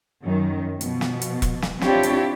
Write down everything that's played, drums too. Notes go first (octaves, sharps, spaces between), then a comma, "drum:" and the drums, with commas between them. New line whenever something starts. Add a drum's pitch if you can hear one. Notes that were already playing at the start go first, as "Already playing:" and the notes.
F#2 D#3
B2 F3, drum: hi-hat
drum: snare
drum: hi-hat
drum: kick E1, hi-hat
drum: snare
C4 D4 E4 F4 G4 C#5, drum: snare
drum: hi-hat